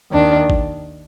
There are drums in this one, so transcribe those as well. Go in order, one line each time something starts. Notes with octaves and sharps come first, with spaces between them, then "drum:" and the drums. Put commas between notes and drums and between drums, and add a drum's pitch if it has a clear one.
D#2 D#3 D4
drum: kick